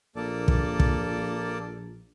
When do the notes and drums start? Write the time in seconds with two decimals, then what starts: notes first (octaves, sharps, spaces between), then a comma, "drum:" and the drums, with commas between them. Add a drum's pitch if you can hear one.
0.16 A#1 A#3 A4 D5
0.48 drum: kick
0.80 drum: kick